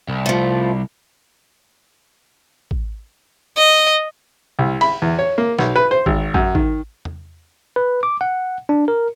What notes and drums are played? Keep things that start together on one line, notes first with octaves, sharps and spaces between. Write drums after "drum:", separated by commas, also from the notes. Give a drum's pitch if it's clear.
C2
F3 A3
drum: kick
D#5
C2
B5, drum: cymbal
E2
C#5
A#3
B1, drum: snare
B4
C5
G#1, drum: kick
F#2, drum: kick
D#3, drum: kick
drum: tom E2
B4
D6
F#5
D4
A#4